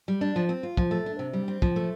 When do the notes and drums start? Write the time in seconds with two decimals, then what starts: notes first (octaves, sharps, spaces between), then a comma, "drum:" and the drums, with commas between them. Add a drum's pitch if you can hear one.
0.08 G3
0.21 D4
0.36 F3
0.49 C4
0.63 F4
0.77 F3, drum: kick
0.91 A3
1.06 D4
1.19 C3
1.33 G3
1.48 C4
1.62 F3, drum: kick
1.76 A3